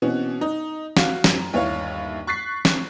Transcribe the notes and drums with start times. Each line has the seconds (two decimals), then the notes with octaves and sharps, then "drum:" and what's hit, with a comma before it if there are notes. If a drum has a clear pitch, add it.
0.02 B2 E3 C4 C#4 F#4
0.41 D#4
0.97 F#4 F5, drum: snare
1.24 F#2, drum: snare
1.53 G1 D#2 E4 C#5 F5
2.27 C#6 F#6 A6 B6 C7
2.65 drum: snare